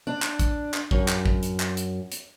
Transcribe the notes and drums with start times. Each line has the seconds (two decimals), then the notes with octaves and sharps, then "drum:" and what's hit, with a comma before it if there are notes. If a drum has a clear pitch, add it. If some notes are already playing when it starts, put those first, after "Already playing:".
0.07 D4
0.22 drum: clap
0.39 drum: kick, hi-hat
0.74 drum: clap
0.91 F#2, drum: kick
1.08 drum: clap
1.26 drum: kick
1.43 drum: hi-hat
1.60 drum: clap
1.77 drum: hi-hat
2.12 drum: hi-hat